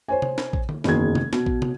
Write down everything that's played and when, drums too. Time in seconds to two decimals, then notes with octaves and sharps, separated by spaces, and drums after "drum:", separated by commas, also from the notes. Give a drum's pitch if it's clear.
0.08 C5 C#5 G#5
0.22 drum: tom
0.38 drum: snare
0.53 drum: kick
0.69 drum: tom D3
0.84 F#1 E2 B2 D#3 G#4 G#6, drum: snare
1.15 drum: tom
1.33 B2, drum: snare
1.46 drum: kick
1.62 drum: tom